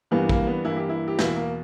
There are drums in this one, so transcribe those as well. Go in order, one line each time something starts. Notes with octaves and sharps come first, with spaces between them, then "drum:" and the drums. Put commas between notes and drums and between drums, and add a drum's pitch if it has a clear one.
G2 E3 G3 A#3 B3
A#3, drum: kick
B3
G2 E3 A#3 E4
G4
E4
G4
E2 B2 A#3 E4, drum: snare
A#3